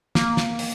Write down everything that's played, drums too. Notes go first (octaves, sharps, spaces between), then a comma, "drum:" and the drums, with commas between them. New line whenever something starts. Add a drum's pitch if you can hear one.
A#3, drum: snare
drum: snare
drum: open hi-hat